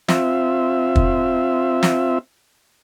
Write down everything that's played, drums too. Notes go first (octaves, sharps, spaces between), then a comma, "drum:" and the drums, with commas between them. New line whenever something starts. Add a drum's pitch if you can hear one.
C4 F4 E5, drum: snare
drum: kick
drum: snare